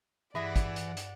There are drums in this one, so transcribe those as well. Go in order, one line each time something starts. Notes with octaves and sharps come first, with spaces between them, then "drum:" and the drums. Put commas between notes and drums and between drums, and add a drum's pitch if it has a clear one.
G2 E3 G#4 D5 E5 F#5 A#6
drum: kick, hi-hat
drum: hi-hat
drum: hi-hat